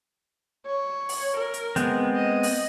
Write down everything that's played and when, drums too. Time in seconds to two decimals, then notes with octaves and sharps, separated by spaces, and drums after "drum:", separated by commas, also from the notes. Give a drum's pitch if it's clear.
0.66 C#5
1.09 drum: open hi-hat
1.37 A#4
1.54 drum: hi-hat
1.76 G#3 B3 C4, drum: hi-hat
2.16 D#5
2.43 drum: open hi-hat